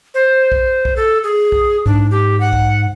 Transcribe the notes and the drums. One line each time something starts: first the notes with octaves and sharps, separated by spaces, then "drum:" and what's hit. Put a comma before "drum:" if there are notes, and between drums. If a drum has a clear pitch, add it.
C5
drum: kick
drum: kick
A4
G#4
drum: kick
G#2 D4, drum: kick
G4
F#5
drum: kick